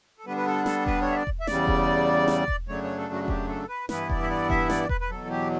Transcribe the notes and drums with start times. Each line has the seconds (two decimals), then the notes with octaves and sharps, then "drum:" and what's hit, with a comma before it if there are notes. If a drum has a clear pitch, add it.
0.18 A4
0.26 D3 G3 B3 D4 B4
0.37 B4
0.47 A4
0.66 A4, drum: snare
0.86 B4, drum: kick E1
1.02 C#5
1.11 E5
1.16 D5
1.27 drum: kick E1
1.40 E5
1.47 E2 C#3 G3 D5, drum: snare
1.67 drum: kick E1
2.28 drum: snare
2.48 drum: kick E1
2.68 F#2 C#3 F#3 A3 D4 C#5
2.84 C#5
2.98 A4
3.14 F#4
3.24 F#4
3.28 G4, drum: kick E1
3.48 A4
3.69 B4
3.89 G2 E3 B3 E4 B4, drum: snare
4.09 D5, drum: kick E1
4.22 E5
4.30 D5
4.50 E5, drum: kick E1
4.70 D5, drum: snare
4.89 B4, drum: kick E1
5.01 B4
5.10 E2 B2 F#3 A4
5.30 G4